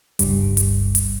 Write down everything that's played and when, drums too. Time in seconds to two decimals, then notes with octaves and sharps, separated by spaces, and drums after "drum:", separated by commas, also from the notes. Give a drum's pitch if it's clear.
0.19 G1 C#2 G2 G3, drum: hi-hat
0.57 drum: hi-hat
0.95 drum: hi-hat